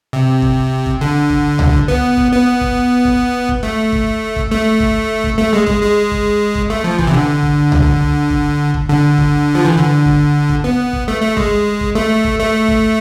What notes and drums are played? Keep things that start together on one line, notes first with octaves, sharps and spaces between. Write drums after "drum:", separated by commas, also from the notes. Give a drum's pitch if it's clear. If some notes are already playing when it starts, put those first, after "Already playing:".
C3
drum: kick
drum: kick
D3
drum: kick
drum: tom C#2
drum: kick
B3
drum: kick
B3
drum: kick
drum: kick
drum: kick
A3
drum: kick
drum: kick
A3
drum: kick
drum: kick
A3
G#3
G#3, drum: kick
G#3
drum: kick
drum: kick
A3
F3
E3, drum: kick
C3
D3
drum: kick
drum: tom C#2
drum: kick
drum: kick
drum: kick
D3
drum: kick
F3
E3
D3
drum: kick
drum: kick
B3
drum: kick
A3
A3
G#3, drum: kick
drum: kick
A3
drum: kick
A3
drum: kick